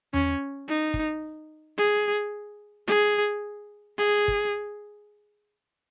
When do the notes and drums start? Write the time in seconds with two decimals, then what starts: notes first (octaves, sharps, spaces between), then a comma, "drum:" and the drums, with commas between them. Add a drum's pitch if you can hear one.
0.14 C#4, drum: tom E2
0.69 D#4
0.94 drum: kick
1.78 G#4
2.87 G#4, drum: snare
3.98 G#4, drum: open hi-hat
4.28 drum: kick